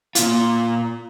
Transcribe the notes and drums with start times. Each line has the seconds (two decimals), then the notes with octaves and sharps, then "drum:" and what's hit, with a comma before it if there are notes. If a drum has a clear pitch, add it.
0.15 A#2 F4, drum: hi-hat